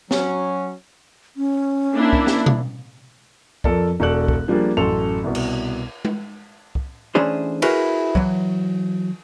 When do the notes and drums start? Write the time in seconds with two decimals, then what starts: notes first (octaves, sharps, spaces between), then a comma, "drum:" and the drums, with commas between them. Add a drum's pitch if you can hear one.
0.11 F#3 C#4, drum: snare
1.37 C#4
1.95 A#3 D4 E4
2.13 drum: kick
2.27 drum: snare
2.46 drum: tom B2
3.64 F2 A4 A#4 D5, drum: kick
4.00 E1 F#4 A4 D5 F#6 F#7
4.28 drum: kick
4.48 F3 G3 A#3 D4 G#4
4.77 A1 F#2 F#4 A4 C6 F7
5.24 C2 B2
5.35 drum: cymbal
6.05 drum: tom G#3
6.75 drum: kick
7.15 E3 A3 C#4 D4 G#4 C5
7.62 E4 F#4 G#4 A#4 B4, drum: cymbal
8.15 E3 F#3, drum: kick